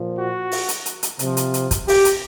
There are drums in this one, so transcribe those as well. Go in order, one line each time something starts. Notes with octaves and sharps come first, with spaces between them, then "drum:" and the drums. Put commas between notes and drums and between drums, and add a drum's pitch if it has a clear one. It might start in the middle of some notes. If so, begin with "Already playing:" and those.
Already playing: A#2 F3
F#4
drum: open hi-hat
drum: hi-hat
drum: hi-hat
drum: hi-hat
C3 F3, drum: hi-hat
drum: hi-hat
drum: hi-hat
drum: kick, hi-hat
G4, drum: open hi-hat
drum: hi-hat